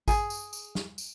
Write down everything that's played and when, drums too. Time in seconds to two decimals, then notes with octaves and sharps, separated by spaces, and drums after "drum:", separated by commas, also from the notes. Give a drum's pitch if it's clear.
0.08 G#4, drum: kick G#1, tambourine
0.30 drum: tambourine
0.53 drum: tambourine
0.75 drum: snare
0.98 drum: tambourine